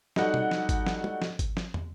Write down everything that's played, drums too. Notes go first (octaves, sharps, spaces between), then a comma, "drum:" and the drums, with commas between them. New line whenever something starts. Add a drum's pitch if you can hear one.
G3 D#4 F#4 A4 F#5, drum: snare
drum: tom
drum: snare
drum: kick G#1, hi-hat
drum: snare
drum: tom
drum: snare
drum: kick G#1, hi-hat
drum: snare
drum: tom